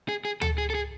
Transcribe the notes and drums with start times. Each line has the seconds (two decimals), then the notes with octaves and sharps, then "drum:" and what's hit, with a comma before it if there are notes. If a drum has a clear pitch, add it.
0.09 G#4
0.25 G#4
0.41 A4, drum: tom D2
0.58 G#4
0.70 A4
0.75 G#4